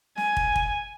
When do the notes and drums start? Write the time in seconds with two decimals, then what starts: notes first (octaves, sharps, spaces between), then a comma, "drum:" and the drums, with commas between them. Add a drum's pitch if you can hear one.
0.18 G#5, drum: snare
0.37 drum: kick
0.56 drum: kick